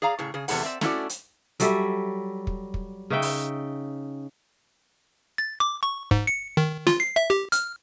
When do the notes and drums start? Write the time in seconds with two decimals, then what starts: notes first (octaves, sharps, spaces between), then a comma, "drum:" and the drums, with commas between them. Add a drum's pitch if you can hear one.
0.02 G#4 D5 F5 A#5
0.19 A2 C#3 G#4
0.34 C#3 G#4
0.48 E2 C3 A3 G#4 F#5, drum: open hi-hat
0.65 C4 D5 E5
0.81 A3 C#4 E4 F#4 D5, drum: snare
1.09 drum: hi-hat
1.60 F#3 G3 A4 E5, drum: hi-hat
2.47 drum: kick
2.74 drum: kick
3.10 C#3 D#4 E5 G5
3.22 drum: open hi-hat
5.38 A6
5.60 D6
5.83 C#6
6.11 G#2, drum: kick
6.27 C#7
6.57 D#3
6.87 F4, drum: snare
7.00 C7
7.16 E5
7.30 G4
7.52 F6, drum: hi-hat